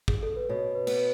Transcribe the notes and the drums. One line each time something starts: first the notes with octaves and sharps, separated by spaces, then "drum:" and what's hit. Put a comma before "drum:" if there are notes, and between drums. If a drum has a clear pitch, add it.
G#4, drum: kick
A4
B4
B2 C#5
B4
B3, drum: cymbal